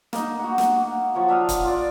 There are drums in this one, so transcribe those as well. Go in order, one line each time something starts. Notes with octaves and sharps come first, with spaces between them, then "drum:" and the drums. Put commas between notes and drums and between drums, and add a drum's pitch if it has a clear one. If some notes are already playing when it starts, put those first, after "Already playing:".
A#3 D#4, drum: snare
F#4 F#5
drum: snare
F3 F#3 C#6
D4 E5 F5 D#6
drum: kick, hi-hat
F4 D5